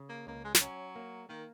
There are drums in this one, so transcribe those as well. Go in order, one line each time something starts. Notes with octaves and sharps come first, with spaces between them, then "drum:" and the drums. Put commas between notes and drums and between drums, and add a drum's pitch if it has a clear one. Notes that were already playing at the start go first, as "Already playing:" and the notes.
Already playing: C#3
A#3
C#2 A#3
G#3
D#3, drum: snare
F#3 C#4
A#3
D#3 A#3